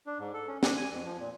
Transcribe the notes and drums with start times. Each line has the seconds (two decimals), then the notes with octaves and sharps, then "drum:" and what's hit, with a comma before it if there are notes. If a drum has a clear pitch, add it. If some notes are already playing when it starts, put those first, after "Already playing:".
0.06 D4
0.19 G#2
0.34 A4
0.48 C#4
0.63 D4, drum: snare
0.76 G#5
0.90 F2
1.05 F3
1.20 A#2